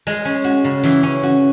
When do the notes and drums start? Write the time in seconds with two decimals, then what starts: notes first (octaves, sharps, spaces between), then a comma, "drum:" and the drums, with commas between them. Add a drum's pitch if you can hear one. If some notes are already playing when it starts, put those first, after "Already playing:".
0.07 G#3, drum: hi-hat
0.25 C#4
0.44 F#4
0.64 C#3
0.83 E3, drum: hi-hat
1.03 C#4
1.23 F#4